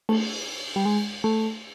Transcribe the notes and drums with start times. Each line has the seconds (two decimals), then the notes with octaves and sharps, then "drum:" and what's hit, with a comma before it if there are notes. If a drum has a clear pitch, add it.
0.09 A3, drum: cymbal
0.76 G3
0.85 G#3
1.24 A3